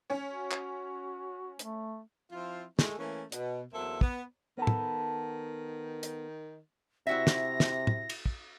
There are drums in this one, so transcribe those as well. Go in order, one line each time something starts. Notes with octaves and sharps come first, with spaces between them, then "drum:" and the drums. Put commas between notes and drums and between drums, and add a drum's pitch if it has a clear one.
C#4 C#5
F#4
drum: clap
A3, drum: hi-hat
F3 C4 E4 F4
G#3 A3, drum: snare
E3 A3 A#3 C#4
B2, drum: hi-hat
E2 F#3 A#3 C4 A4 E5
B3, drum: kick
D#3 B3 A4
drum: tom
drum: hi-hat
C3 E4 F#4 E5 A#6
drum: snare
drum: snare
drum: tom
drum: cymbal
drum: kick